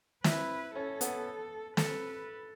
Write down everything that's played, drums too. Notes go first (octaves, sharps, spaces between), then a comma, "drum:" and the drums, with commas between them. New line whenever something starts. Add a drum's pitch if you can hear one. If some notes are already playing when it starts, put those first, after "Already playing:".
E4 B4, drum: snare
C#4 A4
B3, drum: hi-hat
A4 B4, drum: snare